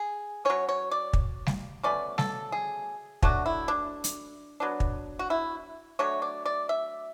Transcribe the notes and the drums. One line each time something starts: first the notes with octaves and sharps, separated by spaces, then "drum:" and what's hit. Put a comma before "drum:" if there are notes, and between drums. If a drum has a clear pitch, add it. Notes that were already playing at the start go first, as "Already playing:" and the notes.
Already playing: G#4
F#3 C#4 C#5
C#5
D5
drum: kick
drum: snare G3
B2 A3 C#4 D5
A4, drum: snare G3
G#4
F#3 A3 D4 F#4, drum: kick
E4
D4
drum: hi-hat
F#3 B3 D4
drum: kick
F#4
E4
F#3 A3 D4 C#5
D5
D5
E5